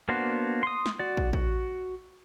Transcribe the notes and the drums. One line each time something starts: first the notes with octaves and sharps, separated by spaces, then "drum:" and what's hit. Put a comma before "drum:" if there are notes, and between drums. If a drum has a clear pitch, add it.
A#3 B3 D4 F#4 C5
C6 D#6
drum: snare
F#4 D5
drum: kick
F#4, drum: kick